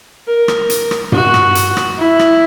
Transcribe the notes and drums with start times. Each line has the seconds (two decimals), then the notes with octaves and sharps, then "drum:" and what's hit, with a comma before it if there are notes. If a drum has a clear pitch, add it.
0.27 A#4
0.48 drum: rim click
0.70 drum: hi-hat
0.91 drum: rim click
1.12 F#4, drum: tom G2
1.34 drum: rim click
1.55 drum: hi-hat
1.77 drum: rim click
1.98 E4
2.19 drum: rim click